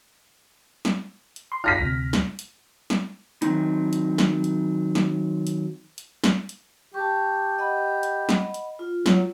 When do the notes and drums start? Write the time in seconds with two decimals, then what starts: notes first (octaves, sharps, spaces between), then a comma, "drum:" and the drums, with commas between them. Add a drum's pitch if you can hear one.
0.85 drum: snare
1.36 drum: hi-hat
1.52 C6
1.64 F4 F6 A#6 B6
1.79 D2 C3
2.13 drum: snare
2.39 drum: hi-hat
2.90 drum: snare
3.42 D#3 F3 F#3 C4 D#4, drum: hi-hat
3.93 drum: hi-hat
4.18 drum: snare
4.44 drum: hi-hat
4.95 drum: snare
5.47 drum: hi-hat
5.98 drum: hi-hat
6.24 drum: snare
6.49 drum: hi-hat
6.94 G4 A5 C#6
7.59 D#5 F#5 B5
8.03 drum: hi-hat
8.29 drum: snare
8.54 drum: hi-hat
8.79 F4
9.06 F#3, drum: snare